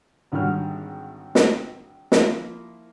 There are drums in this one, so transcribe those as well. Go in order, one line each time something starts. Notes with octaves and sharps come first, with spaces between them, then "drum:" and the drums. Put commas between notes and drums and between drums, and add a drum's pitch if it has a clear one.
G#1 D3 D#3 G3 F#4 F6
drum: snare
F3 A#3 E4, drum: snare